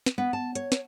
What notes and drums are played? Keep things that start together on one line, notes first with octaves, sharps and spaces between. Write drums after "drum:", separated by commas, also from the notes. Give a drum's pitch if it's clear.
drum: snare
B3
A5
C#5, drum: hi-hat
drum: snare